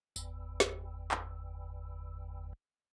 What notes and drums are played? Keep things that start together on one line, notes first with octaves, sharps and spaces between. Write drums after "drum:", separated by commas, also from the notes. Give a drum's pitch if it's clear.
G1 E2, drum: tambourine
drum: snare
drum: clap